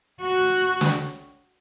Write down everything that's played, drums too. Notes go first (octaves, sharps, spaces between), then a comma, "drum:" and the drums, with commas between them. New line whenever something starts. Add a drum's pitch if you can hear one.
F#4
drum: snare